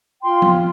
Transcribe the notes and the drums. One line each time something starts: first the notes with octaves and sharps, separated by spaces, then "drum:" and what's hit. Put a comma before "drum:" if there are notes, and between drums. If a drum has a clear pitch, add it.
F4 G5 C6
drum: tom F3